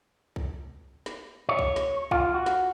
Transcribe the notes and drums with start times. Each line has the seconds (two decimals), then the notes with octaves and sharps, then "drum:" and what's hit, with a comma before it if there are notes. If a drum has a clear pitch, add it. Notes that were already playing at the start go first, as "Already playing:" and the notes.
0.36 drum: kick B1
1.06 drum: snare
1.49 C#5
1.59 drum: kick B1
1.76 drum: snare
2.11 F4, drum: kick B1
2.34 F#4
2.46 drum: snare